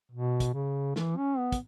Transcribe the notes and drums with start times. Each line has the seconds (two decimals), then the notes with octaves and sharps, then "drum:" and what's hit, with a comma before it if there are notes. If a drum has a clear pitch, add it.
0.12 B2
0.40 drum: kick, hi-hat
0.54 C#3
0.96 E3, drum: snare
1.17 C#4
1.38 B3
1.52 drum: kick, hi-hat